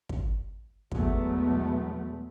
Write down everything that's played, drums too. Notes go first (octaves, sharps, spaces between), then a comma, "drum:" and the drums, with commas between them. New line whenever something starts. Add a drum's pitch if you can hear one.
drum: kick
B1 E2 F#3 G#3 A3 B3, drum: kick